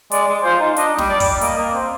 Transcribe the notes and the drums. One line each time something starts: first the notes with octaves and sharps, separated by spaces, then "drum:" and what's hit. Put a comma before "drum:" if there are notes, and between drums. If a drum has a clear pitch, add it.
G#3 D5, drum: hi-hat
G#3
F4 C5
D#4
D4 D#5, drum: hi-hat
G3, drum: snare
D5
G3, drum: kick, open hi-hat
A#3 D#5, drum: hi-hat
A#3
C4